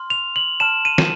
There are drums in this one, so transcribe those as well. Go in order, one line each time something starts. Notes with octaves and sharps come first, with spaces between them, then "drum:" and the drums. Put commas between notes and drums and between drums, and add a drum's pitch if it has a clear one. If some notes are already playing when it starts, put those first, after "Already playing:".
Already playing: C6 F6
F7
F#7
A5 C6 F6 E7
D#7
drum: snare